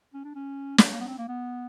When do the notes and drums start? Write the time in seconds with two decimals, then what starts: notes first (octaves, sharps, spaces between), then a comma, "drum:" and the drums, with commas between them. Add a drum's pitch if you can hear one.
0.14 C#4
0.25 D4
0.35 C#4
0.78 G#3, drum: snare
0.85 A3
0.93 A#3
1.00 B3
1.08 C4
1.18 A#3
1.28 B3